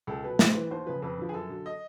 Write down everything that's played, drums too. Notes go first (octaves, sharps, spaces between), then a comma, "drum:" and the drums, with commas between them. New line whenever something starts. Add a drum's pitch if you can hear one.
C#2 A4
B2 F#3 B4
G2 C5, drum: snare
E3 B4
D#2 C5
C#3 F3 B4
F2 B4
D3 F3
G#4
F#2 A4
D3 F#3
D#5